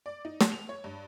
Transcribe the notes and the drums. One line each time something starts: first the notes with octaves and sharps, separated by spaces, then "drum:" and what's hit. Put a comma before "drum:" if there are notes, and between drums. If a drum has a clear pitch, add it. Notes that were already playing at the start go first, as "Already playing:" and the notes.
D5
D#4
drum: snare
F7
C#5
G2